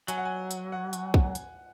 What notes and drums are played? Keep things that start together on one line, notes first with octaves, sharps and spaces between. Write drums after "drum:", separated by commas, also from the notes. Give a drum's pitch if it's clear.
F#3 G#5, drum: hi-hat
F#5
G#5
drum: hi-hat
F#5
drum: hi-hat
drum: kick
drum: hi-hat